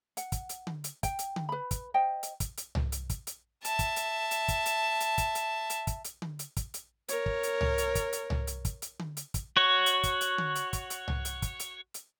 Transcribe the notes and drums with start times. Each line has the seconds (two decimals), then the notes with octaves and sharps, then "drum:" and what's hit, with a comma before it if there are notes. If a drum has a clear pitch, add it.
0.17 F#5, drum: hi-hat
0.32 drum: kick, hi-hat
0.49 drum: hi-hat
0.67 drum: tom D3
0.84 drum: hi-hat
1.03 G5, drum: kick, hi-hat
1.19 drum: hi-hat
1.36 drum: tom D3
1.49 B4 B5
1.71 drum: kick, hi-hat
1.94 C5 D#5 G5
2.23 drum: hi-hat
2.40 drum: kick, hi-hat
2.58 drum: hi-hat
2.75 drum: tom C2
2.92 drum: hi-hat
3.10 drum: kick, hi-hat
3.27 drum: hi-hat
3.65 E5 A5, drum: hi-hat
3.79 drum: kick, hi-hat
3.96 drum: hi-hat
4.31 drum: hi-hat
4.48 drum: kick, hi-hat
4.66 drum: hi-hat
5.00 drum: hi-hat
5.18 drum: kick, hi-hat
5.35 drum: hi-hat
5.70 drum: hi-hat
5.87 drum: kick, hi-hat
6.05 drum: hi-hat
6.22 drum: tom D3
6.39 drum: hi-hat
6.57 drum: kick, hi-hat
6.74 drum: hi-hat
7.09 A#4 C#5, drum: hi-hat
7.26 drum: kick
7.43 drum: hi-hat
7.61 drum: tom C2
7.78 drum: hi-hat
7.95 drum: kick, hi-hat
8.13 drum: hi-hat
8.30 drum: tom C2
8.47 drum: hi-hat
8.65 drum: kick, hi-hat
8.82 drum: hi-hat
8.99 drum: tom D3
9.17 drum: hi-hat
9.34 drum: kick, hi-hat
9.57 F#4 C#5
9.86 drum: hi-hat
10.04 drum: kick, hi-hat
10.21 drum: hi-hat
10.38 drum: tom D3
10.56 drum: hi-hat
10.73 drum: kick, hi-hat
10.90 drum: hi-hat
11.08 drum: tom C2
11.25 drum: hi-hat
11.42 drum: kick, hi-hat
11.60 drum: hi-hat
11.94 drum: hi-hat